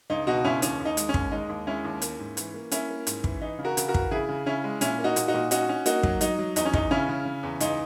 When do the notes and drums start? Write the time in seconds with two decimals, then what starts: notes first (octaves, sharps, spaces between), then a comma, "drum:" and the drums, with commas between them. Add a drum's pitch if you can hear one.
0.10 C#2 D#4
0.27 B2 D#4 F#4
0.44 C#2 C#4 E4
0.62 D#2 C#4, drum: hi-hat
0.80 D#2
0.85 D#4
0.97 G#3, drum: hi-hat
1.09 C#4
1.14 D#2, drum: kick
1.32 G#3 D#4
1.49 D#2
1.67 G#3 C#4 E4
1.85 D#2
2.02 A#3, drum: hi-hat
2.19 G#2
2.37 E3, drum: hi-hat
2.54 A#3
2.71 A#3 C#4 E4, drum: hi-hat
2.89 A#3
3.07 G#2, drum: hi-hat
3.24 E3, drum: kick
3.42 E3 D#4
3.59 C#3
3.65 F#4 A#4
3.77 C#3, drum: hi-hat
3.88 F#4 A#4
3.94 E3, drum: kick
4.11 C#3 E4 G#4
4.29 C#3
4.46 C#3 C#4 E4
4.64 G#3
4.81 A#2 C#4 E4, drum: hi-hat
4.99 A#3
5.04 D#4 F#4
5.16 A#2, drum: hi-hat
5.28 D#4 F#4
5.34 A#2
5.51 C#4 D#4 F#4, drum: hi-hat
5.69 C#4
5.86 A#3 D#4 F#4, drum: hi-hat
6.03 F#3, drum: kick
6.21 F#3 D#4, drum: hi-hat
6.39 F#3
6.56 E2 D#4, drum: hi-hat
6.65 C#4
6.73 E2 D#4, drum: kick
6.91 C#3 C#4 E4
7.09 C#3
7.25 C#3
7.43 E2
7.60 C#2 D#4, drum: hi-hat